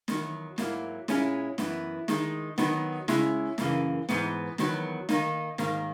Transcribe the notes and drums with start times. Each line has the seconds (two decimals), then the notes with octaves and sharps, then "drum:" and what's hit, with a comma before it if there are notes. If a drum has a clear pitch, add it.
0.08 E2 D#3 F#3, drum: snare
0.58 G#2 F#3 A#3 E4, drum: snare
1.08 A#2 G#3 C#4 E4, drum: snare
1.58 F#2 E3 B3 E4, drum: snare
2.08 D#3 G#3 D#4, drum: snare
2.58 D#3 F#3 B3 D#4, drum: snare
3.08 C#3 G#3 C#4 E4, drum: snare
3.58 F#2 C#3 E3 A#3, drum: snare
4.09 G#2 E3 B3, drum: snare
4.58 E2 D#3 F#3 B3, drum: snare
5.09 D#3 A#3 D#4, drum: snare
5.58 G#2 D#3 A#3, drum: snare